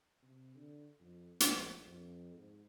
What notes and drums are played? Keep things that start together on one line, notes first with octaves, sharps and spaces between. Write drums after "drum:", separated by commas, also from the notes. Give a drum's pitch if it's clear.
C3
D3
F2
A#1, drum: hi-hat
F2
G#2